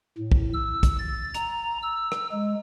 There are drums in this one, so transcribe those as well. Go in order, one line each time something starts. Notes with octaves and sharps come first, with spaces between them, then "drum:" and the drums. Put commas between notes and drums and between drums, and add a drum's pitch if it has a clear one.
A2
drum: kick
E6
drum: kick, hi-hat
A6
A#5, drum: hi-hat
E6
drum: rim click
G#3